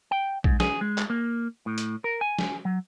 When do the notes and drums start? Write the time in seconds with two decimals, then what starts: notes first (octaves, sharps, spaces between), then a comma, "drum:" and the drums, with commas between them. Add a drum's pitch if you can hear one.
0.11 G5
0.44 G#2, drum: kick A#1
0.60 G#4, drum: snare
0.81 G#3
0.98 drum: clap
1.10 A#3
1.66 A2
1.78 drum: hi-hat
2.04 A#4
2.21 G#5
2.39 drum: snare
2.65 F#3